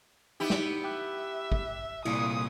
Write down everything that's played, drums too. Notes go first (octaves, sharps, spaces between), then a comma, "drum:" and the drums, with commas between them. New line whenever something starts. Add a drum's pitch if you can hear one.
B3 D#4 E4 G4
drum: snare
E5 G5 D6 F#6
drum: kick
C2 A#2 E4 D#6, drum: cymbal